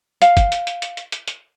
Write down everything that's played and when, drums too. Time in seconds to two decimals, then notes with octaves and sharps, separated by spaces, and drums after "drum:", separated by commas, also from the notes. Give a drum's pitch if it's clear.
0.22 F5, drum: hi-hat
0.37 drum: kick, hi-hat
0.52 drum: hi-hat
0.67 drum: hi-hat
0.82 drum: hi-hat
0.97 drum: hi-hat
1.12 drum: hi-hat
1.28 drum: hi-hat